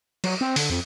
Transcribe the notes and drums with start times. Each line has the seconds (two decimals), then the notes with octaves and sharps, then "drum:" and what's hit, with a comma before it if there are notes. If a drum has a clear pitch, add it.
0.24 F#3, drum: cymbal
0.41 C4
0.56 D3, drum: open hi-hat
0.70 F2